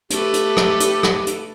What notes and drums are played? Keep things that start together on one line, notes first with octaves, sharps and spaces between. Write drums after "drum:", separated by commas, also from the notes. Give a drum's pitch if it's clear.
A3 G4 A4 B4, drum: hi-hat
drum: hi-hat
drum: rim click
drum: hi-hat
drum: rim click
drum: hi-hat